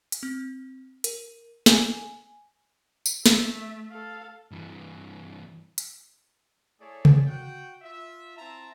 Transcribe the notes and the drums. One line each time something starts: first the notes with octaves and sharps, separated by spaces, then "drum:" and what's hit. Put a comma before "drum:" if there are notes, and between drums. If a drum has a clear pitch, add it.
drum: hi-hat
C4
A#4, drum: hi-hat
G#5, drum: snare
drum: tambourine
A3 E5, drum: snare
A4 F5
G2 E3
drum: hi-hat
A3 E4 G#4 A4 C#5 D5
drum: tom C3
F#4 F#5 G5
F4 E5
C4 E4 E5 A5 A#5